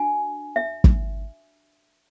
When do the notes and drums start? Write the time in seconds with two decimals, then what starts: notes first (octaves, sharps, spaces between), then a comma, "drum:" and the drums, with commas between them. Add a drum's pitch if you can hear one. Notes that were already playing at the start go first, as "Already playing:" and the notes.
Already playing: D4 F#4 G#5
0.56 E5
0.84 drum: kick